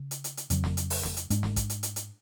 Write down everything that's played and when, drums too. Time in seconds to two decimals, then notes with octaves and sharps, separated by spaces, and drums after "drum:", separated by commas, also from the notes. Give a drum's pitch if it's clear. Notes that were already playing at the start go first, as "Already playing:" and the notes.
Already playing: C#3
0.11 drum: hi-hat
0.24 drum: hi-hat
0.37 drum: hi-hat
0.50 F2 C#3 F#3, drum: hi-hat
0.64 drum: snare
0.77 drum: hi-hat
0.90 drum: open hi-hat
1.03 drum: snare
1.17 drum: hi-hat
1.30 G#2 G#3 D4, drum: hi-hat
1.43 drum: snare
1.56 drum: kick, hi-hat
1.70 drum: hi-hat
1.83 drum: hi-hat
1.96 drum: hi-hat